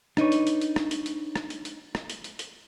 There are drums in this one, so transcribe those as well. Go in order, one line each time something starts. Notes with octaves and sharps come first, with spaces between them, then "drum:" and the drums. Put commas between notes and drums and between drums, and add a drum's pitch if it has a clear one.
D4 D#4 B4 C#5, drum: rim click
drum: hi-hat
drum: hi-hat
drum: hi-hat
drum: rim click
drum: hi-hat
drum: hi-hat
drum: rim click
drum: hi-hat
drum: hi-hat
drum: rim click
drum: hi-hat
drum: hi-hat
drum: hi-hat